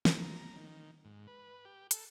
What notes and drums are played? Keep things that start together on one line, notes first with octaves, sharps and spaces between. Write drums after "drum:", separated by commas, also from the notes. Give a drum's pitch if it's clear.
drum: snare
A#5
D#3
G#2
B4
G4
A4, drum: hi-hat